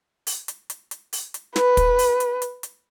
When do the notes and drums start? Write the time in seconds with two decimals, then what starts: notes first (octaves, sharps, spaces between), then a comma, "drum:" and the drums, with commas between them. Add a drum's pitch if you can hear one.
0.27 drum: open hi-hat
0.48 drum: hi-hat
0.70 drum: hi-hat
0.91 drum: hi-hat
1.13 drum: open hi-hat
1.34 drum: hi-hat
1.56 B4, drum: snare
1.77 drum: kick, hi-hat
1.99 drum: open hi-hat
2.20 drum: hi-hat
2.42 drum: hi-hat
2.63 drum: hi-hat